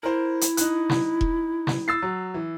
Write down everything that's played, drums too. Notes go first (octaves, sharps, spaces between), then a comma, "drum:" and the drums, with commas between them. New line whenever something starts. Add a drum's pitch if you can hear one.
E4 A#4 C5
drum: hi-hat
D#4 F#6, drum: hi-hat
drum: snare
drum: kick E1
drum: snare
E6 A6 C7
F#3
E3